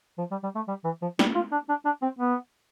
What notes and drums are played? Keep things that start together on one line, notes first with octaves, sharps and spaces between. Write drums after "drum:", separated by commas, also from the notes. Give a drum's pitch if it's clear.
F3
G3
G3
A3
G3
E3
F3
G3, drum: snare
F4
D4
D4
D4
C4
B3